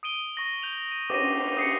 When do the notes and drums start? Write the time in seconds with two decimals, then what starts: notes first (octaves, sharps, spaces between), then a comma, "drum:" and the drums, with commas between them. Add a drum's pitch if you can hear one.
0.03 D#6 D7 D#7 G7
0.36 C#6 A#6 F#7
0.62 G6 F7 F#7
0.92 D#7
1.10 D6 A#6 D#7, drum: cymbal
1.57 D#6 C7 C#7